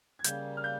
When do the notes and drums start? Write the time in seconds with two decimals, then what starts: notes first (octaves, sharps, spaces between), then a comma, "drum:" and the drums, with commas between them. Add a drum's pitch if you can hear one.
0.19 G#6
0.24 C#3 G3 A#3 G6, drum: hi-hat
0.57 F6
0.64 G6